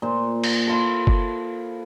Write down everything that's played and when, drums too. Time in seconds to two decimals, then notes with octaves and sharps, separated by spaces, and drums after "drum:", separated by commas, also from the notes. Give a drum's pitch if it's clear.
0.02 A#2 C5
0.44 drum: cymbal
0.67 E4 F4 A4
1.07 drum: kick F#1